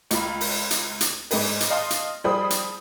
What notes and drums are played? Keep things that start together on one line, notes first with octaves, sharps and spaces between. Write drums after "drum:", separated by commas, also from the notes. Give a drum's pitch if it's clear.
C#2 F4 B5, drum: hi-hat
drum: open hi-hat
drum: hi-hat
drum: hi-hat
G#2 G#4 B4, drum: open hi-hat
drum: hi-hat
D#5 F5 A5 C6
drum: hi-hat
F3 G3 G#4 C5 B5 D#6
drum: hi-hat